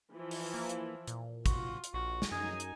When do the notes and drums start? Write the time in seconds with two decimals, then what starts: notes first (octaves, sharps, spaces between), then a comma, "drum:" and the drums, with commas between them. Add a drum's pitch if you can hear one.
0.13 E3 F3 E4
0.31 drum: open hi-hat
0.54 A#3
0.69 drum: hi-hat
1.07 A#2, drum: hi-hat
1.46 F4 F#4, drum: kick, hi-hat
1.84 drum: hi-hat
1.94 A#1 F#4
2.22 drum: snare
2.31 F#2 D#4 G#4 G#5
2.60 drum: hi-hat